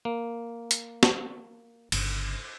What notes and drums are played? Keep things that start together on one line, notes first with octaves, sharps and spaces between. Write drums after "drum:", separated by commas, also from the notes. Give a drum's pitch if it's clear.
A#3
drum: hi-hat
drum: snare
G1 C#3, drum: cymbal